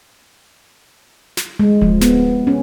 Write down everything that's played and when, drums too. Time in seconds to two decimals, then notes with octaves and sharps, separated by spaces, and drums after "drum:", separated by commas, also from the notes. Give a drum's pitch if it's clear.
1.37 drum: snare
1.59 G#3
1.82 F3, drum: kick D1
2.01 B3, drum: snare
2.47 C#4